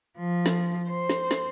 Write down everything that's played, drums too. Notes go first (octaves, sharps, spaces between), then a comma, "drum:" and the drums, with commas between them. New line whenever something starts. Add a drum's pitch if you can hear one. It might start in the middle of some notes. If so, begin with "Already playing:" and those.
F3
drum: snare
C5
drum: snare
drum: snare